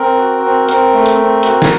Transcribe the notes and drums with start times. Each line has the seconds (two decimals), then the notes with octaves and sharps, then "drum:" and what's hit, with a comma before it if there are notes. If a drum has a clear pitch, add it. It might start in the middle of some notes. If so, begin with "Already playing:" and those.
Already playing: C4 A#4
0.18 F#4
0.43 C4
0.69 C4 A#4, drum: hi-hat
0.94 A3
1.06 drum: hi-hat
1.18 C4
1.43 F#4, drum: hi-hat
1.62 drum: snare